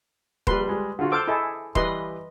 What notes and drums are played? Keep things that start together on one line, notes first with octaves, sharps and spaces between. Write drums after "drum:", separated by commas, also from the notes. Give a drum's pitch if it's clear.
A#1 G3 B4 C6, drum: kick D#1
G3 G#3
D3 F4 F#4
A4 C5 D6 E6 F6
E4 G#4 A4 D#5
E3 G3 B4 D#5 C6, drum: kick D#1